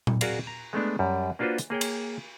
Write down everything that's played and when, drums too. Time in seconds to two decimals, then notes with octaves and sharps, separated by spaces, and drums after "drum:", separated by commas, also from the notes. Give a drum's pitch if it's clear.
0.07 drum: tom A#2
0.21 F#4 G#4 A#4 D5 F5, drum: cymbal
0.47 A#5
0.73 G#3 A3 B3 D4
0.99 F#2 G3
1.39 A#3 D4 F4 F#4 B4 C5
1.58 drum: hi-hat
1.70 A#3 G#4 C#5 G5
1.81 drum: cymbal